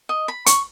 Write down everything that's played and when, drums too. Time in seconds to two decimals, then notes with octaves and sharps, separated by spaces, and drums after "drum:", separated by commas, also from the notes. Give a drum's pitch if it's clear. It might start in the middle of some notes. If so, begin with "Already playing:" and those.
0.09 D#5
0.28 B5
0.46 C#6, drum: hi-hat